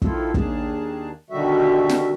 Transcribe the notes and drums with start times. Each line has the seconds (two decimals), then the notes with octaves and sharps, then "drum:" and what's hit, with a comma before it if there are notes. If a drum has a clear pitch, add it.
0.02 D#3 F3 E4 F4 A4, drum: kick
0.34 D#2 D#3 D4 G#4 A5, drum: kick
1.30 B2 D3 D#3 G3 F#4 E5
1.89 drum: snare